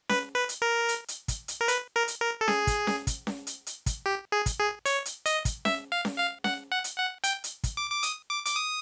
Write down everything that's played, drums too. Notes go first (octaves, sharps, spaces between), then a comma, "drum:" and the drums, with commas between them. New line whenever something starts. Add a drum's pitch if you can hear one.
B4, drum: snare C#4
B4
drum: hi-hat
A#4
drum: hi-hat
drum: hi-hat
drum: kick, hi-hat
drum: hi-hat
A#4
B4, drum: hi-hat
A#4
drum: hi-hat
A#4
A4
G#4, drum: snare C#4
drum: kick, hi-hat
drum: snare C#4
drum: kick, hi-hat
drum: snare C#4
drum: hi-hat
drum: hi-hat
drum: kick, hi-hat
G4
G#4
drum: kick, hi-hat
G#4
C#5, drum: hi-hat
drum: hi-hat
D#5, drum: hi-hat
drum: kick, hi-hat
E5, drum: snare C#4
F5
drum: snare C#4
F5
F#5, drum: snare C#4
F#5
drum: hi-hat
F#5
G5, drum: hi-hat
drum: hi-hat
drum: kick, hi-hat
D6
D6
D#6, drum: hi-hat
D6
D6, drum: hi-hat
D#6